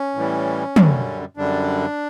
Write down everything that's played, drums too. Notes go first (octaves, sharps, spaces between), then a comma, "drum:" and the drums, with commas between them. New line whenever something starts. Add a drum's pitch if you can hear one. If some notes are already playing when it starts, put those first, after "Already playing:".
Already playing: C#4
A2 E3 G3
F#2 D3 G3, drum: tom
F#2 D3 G3 D4